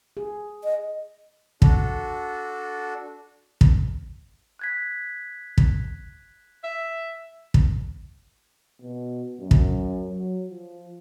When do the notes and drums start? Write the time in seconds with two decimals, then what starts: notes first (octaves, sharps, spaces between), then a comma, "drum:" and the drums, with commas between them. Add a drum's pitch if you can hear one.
0.17 G#4
0.64 D#5
1.62 D4 F#4 A4, drum: kick
3.61 drum: kick
4.59 F#6 G#6 B6
5.58 drum: kick
6.64 E5
7.54 drum: kick
8.82 B2
9.40 F#2
9.51 drum: kick
10.09 F#3
10.50 F3